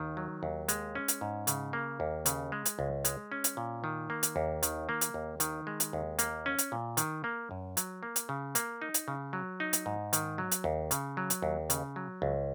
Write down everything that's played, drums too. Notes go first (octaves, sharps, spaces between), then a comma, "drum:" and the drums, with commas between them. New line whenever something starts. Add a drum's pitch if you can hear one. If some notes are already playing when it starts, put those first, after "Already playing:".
Already playing: D#2 D#3
F#3
D#2
G#3, drum: hi-hat
C#4
drum: hi-hat
G#2
C#3, drum: hi-hat
A#3
D#2
C#3, drum: hi-hat
G#3
drum: hi-hat
C#2
G#3, drum: hi-hat
C#4
drum: hi-hat
A#2
D#3
A#3
drum: hi-hat
D#2
D#3, drum: hi-hat
A#3
drum: hi-hat
D#2
D#3, drum: hi-hat
G#3
drum: hi-hat
D#2
A#3, drum: hi-hat
C#4
drum: hi-hat
A#2
D#3, drum: hi-hat
A#3
F#2
F#3, drum: hi-hat
A#3
drum: hi-hat
C#3
A#3, drum: hi-hat
D#4
drum: hi-hat
C#3
F#3
D#4
drum: hi-hat
G#2
D#3, drum: hi-hat
F#3
drum: hi-hat
D#2
C#3, drum: hi-hat
F#3
drum: hi-hat
D#2
C#3, drum: hi-hat
F#3
C#2